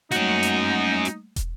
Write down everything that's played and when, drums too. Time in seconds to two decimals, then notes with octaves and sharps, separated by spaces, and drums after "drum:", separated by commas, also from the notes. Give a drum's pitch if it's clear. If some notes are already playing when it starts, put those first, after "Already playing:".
0.11 G3 A3 A#3 C#4 D#4 F#4, drum: hi-hat
0.43 drum: hi-hat
1.05 drum: hi-hat
1.36 drum: kick, hi-hat